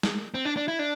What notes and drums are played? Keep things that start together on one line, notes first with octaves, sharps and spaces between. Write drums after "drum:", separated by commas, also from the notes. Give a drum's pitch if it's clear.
drum: snare
C4
D4
D4
E4
D4